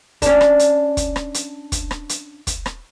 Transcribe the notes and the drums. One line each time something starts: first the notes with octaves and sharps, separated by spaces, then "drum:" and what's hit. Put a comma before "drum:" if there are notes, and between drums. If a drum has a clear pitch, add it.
C#4 D4, drum: kick, hi-hat
drum: rim click
drum: hi-hat
drum: kick, hi-hat
drum: rim click
drum: hi-hat
drum: kick, hi-hat
drum: rim click
drum: hi-hat
drum: kick, hi-hat
drum: rim click